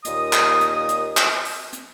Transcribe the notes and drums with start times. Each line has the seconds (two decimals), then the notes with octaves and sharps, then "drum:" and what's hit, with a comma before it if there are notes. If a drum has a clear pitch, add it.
0.05 D#2 A#2 D#5 D#6, drum: hi-hat
0.33 drum: clap
0.61 drum: hi-hat
0.89 drum: hi-hat
1.17 drum: clap
1.45 drum: open hi-hat
1.73 drum: hi-hat